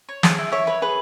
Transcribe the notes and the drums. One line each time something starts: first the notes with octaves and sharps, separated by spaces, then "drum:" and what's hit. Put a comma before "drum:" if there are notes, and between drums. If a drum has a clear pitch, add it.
C#5
G#4, drum: snare
E4
C#5 E5
B4 C#5
G#4 B4